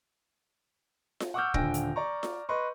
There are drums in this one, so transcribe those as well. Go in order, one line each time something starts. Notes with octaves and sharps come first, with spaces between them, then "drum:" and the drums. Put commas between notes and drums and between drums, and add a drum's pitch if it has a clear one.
drum: snare F4
F#5 C#6 D6 E6 F6 G6
D#1 D3 G5 G#5 A#6 D7, drum: kick
drum: hi-hat
D5 A#5 C#6
drum: snare F4
B4 D#5 C6 C#6